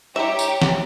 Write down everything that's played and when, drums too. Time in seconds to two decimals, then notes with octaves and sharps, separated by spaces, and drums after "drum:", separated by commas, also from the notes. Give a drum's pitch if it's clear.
0.16 E4 G4 C#5 E5 A#5
0.39 drum: tambourine
0.62 drum: snare